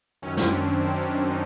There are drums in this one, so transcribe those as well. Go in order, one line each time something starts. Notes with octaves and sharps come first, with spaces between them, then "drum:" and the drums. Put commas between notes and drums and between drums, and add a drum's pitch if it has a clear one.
F#2 D#3 F#3 C#4
C4, drum: snare
D4
C#4
C4
C4
C#4
D4
D#4